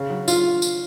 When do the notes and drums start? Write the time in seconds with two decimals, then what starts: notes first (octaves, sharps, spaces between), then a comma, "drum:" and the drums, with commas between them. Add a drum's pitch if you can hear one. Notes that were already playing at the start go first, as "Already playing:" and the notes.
Already playing: C#3
0.10 F#3
0.28 F4, drum: tambourine
0.62 drum: tambourine